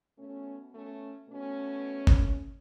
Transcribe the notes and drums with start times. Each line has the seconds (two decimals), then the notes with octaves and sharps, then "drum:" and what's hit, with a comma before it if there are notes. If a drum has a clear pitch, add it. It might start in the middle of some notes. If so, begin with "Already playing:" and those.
0.19 B2 A3 C#4
0.74 A3 C#4
1.29 B2 A3 C#4
2.07 drum: kick G1